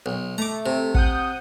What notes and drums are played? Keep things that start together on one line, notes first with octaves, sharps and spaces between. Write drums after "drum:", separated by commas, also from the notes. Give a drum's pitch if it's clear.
B1
A3 A#5 D6
C3
F#5 D#6 G6, drum: kick